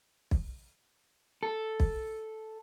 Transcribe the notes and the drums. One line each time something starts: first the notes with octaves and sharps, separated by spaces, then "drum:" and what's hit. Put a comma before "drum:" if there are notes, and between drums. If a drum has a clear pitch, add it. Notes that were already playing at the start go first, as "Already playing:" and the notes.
drum: kick
A4
drum: kick